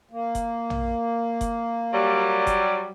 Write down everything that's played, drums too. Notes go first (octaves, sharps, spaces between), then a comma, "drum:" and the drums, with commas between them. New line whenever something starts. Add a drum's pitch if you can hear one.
A#3
drum: kick F#1, hi-hat
drum: tom
drum: kick F#1, hi-hat
F#3 G3
drum: kick F#1, hi-hat